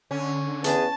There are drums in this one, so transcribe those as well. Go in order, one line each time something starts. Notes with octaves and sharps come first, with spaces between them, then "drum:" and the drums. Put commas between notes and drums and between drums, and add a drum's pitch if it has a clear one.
D3 C#4
E2 B3 G#4 A5, drum: hi-hat